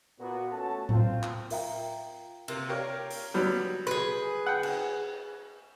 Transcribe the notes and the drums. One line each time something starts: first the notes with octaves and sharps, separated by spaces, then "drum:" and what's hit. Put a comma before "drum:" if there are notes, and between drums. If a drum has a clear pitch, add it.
A#2 B3 F#4
A3 C#4 F#4 A4 A5
C4 F4, drum: tom A2
drum: clap
F4 A#4 E5 F5 G5 A#5, drum: open hi-hat
C3 A#3, drum: cymbal
F4 G4 A#4 C#5 D5 F5
drum: open hi-hat
F#3 G3 B3
G#4 B4
F#5 G5
drum: cymbal